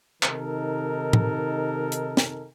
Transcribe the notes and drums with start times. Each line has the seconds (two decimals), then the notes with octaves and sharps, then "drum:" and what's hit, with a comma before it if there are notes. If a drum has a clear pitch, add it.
0.23 C3 D#3 D#4 A4 A#4, drum: clap
1.13 drum: tom A2
1.92 drum: hi-hat
2.17 drum: snare